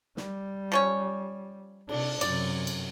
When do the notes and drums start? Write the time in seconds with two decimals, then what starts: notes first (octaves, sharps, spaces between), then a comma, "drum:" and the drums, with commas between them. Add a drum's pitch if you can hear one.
0.17 G3, drum: snare
0.72 F3 C#4 C#5
1.89 C3 D4, drum: cymbal
2.21 F#2 C3 D5, drum: cymbal
2.67 drum: cymbal